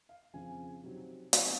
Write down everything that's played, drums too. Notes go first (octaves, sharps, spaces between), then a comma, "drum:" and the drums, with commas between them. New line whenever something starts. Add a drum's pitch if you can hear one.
F5
F2 C#3 F3 C4 G#5
C3 F#3 C4 D#4
C3 F#3 C4 D#4 F#5, drum: hi-hat